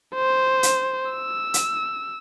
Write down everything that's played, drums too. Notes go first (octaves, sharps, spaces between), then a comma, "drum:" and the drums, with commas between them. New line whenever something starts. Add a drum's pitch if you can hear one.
C5
drum: hi-hat
E6
drum: hi-hat